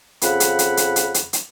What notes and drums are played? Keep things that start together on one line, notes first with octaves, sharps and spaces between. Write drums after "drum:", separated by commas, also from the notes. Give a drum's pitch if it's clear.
F2 C#3 F#5 B5, drum: hi-hat
drum: hi-hat
drum: hi-hat
drum: hi-hat
drum: hi-hat
drum: hi-hat
drum: hi-hat